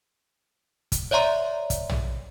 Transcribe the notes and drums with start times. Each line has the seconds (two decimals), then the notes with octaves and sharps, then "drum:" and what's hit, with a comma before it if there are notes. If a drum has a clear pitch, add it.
0.92 drum: kick, hi-hat
1.11 C#5 D5 E5 A#5 C6
1.70 drum: kick, hi-hat
1.89 drum: tom